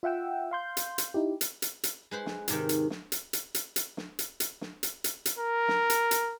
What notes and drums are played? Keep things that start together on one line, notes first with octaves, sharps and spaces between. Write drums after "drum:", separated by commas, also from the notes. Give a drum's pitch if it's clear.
F4 E5 F#5 G5 E6
F5 C6 G6
drum: hi-hat
drum: hi-hat
D#4 E4 G4
drum: hi-hat
drum: hi-hat
drum: hi-hat
G#3 B4 C5
drum: snare
G#2 C3 D#3, drum: hi-hat
drum: hi-hat
drum: snare
drum: hi-hat
drum: hi-hat
drum: hi-hat
drum: hi-hat
drum: snare
drum: hi-hat
drum: hi-hat
drum: snare
drum: hi-hat
drum: hi-hat
drum: hi-hat
A#4
drum: snare
drum: hi-hat
drum: hi-hat